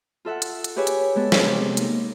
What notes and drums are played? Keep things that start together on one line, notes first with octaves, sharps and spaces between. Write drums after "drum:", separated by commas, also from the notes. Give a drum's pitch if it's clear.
F4 A4 E5 F#5
drum: hi-hat
drum: hi-hat
G4 G#4 B4 C#5 E5 G#5
drum: hi-hat
G#3 B3 A4
drum: snare
C3
A#3 D#4, drum: hi-hat